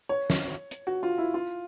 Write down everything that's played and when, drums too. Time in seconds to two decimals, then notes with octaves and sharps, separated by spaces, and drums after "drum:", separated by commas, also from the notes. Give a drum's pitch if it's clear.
0.09 C#5
0.30 drum: snare
0.71 drum: hi-hat
0.87 F#4
1.03 F4
1.18 E4
1.34 F4